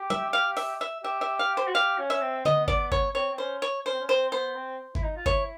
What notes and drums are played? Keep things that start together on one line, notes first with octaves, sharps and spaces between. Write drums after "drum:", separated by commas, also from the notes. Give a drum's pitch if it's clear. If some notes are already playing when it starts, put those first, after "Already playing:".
Already playing: G4
E5, drum: tom
F5
E5, drum: open hi-hat
E5
G4 E5
E5
F5
C5
F#4
G4 F5
C#4
E5
C4
B3 D#5, drum: tom D3
D5, drum: kick G1
C#5, drum: kick G1
C4 C#5
C4
C#4 C5
C#5
C#4 C5
C4
C#4
C4 C5
B3 C5
C4
E4, drum: kick G1
D#4
F4
E4 C#5, drum: kick G1